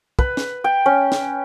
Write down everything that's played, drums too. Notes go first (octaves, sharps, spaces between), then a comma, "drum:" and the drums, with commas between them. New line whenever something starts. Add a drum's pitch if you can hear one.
B4, drum: kick
drum: snare
G5
C#4
drum: snare